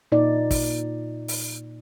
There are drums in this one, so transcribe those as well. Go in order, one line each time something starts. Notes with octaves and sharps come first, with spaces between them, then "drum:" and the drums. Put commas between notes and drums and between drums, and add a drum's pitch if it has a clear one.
A#2 D#4 D5
drum: kick, open hi-hat
drum: open hi-hat